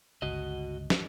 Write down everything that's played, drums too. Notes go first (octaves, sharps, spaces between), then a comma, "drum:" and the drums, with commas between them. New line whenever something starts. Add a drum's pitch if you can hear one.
G1 C#2 F#4 D#5
drum: snare